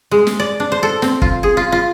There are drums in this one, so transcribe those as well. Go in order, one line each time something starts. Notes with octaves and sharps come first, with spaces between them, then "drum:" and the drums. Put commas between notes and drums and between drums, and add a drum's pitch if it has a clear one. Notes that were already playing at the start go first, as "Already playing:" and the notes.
G#3
drum: snare
D5
D4
C5
A4
C4, drum: snare
F4, drum: kick
G#4
F4
F4